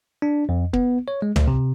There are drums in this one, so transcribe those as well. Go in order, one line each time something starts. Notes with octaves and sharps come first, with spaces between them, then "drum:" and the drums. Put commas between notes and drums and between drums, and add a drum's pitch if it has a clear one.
D4
F2
B3, drum: kick
C#5
G#3
D2, drum: tom
C3